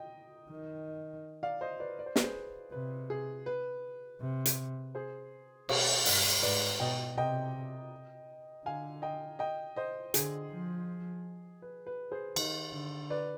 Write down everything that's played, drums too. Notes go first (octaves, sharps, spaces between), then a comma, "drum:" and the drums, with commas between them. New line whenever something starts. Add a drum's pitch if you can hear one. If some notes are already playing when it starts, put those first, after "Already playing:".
Already playing: D#5 G5
D#3
D5 F5
C5 D#5
B4 D5
D5
C5
B4, drum: snare
G#4 C5
C3 B4
G#4
B4
C3
drum: hi-hat
G#4 C5
B2, drum: cymbal
G2, drum: open hi-hat
G#2 B4 D5
B2 D#5 G5
C3 D#5 G5
D3 F5 G#5
D#5 G5
D#5 G5
C5 D#5
D3 G#4, drum: hi-hat
F3
B4
B4
G#4 C5
D#3, drum: cymbal
D3
B4 D5